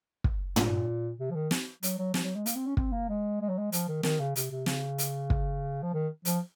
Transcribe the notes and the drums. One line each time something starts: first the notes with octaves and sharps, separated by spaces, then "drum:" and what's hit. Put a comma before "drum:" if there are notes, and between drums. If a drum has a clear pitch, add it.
drum: kick
A#2, drum: tom
C3
F3
D#3
drum: snare
F#3, drum: hi-hat
F#3
F3, drum: snare
F#3
G#3
A#3, drum: hi-hat
C4
C#4
C4, drum: kick
A#3
G#3
G#3
F#3
G#3
F3, drum: hi-hat
D#3
D#3, drum: snare
C#3
C3, drum: hi-hat
C3
C#3, drum: snare
drum: hi-hat
drum: kick
F3
D#3
F3, drum: hi-hat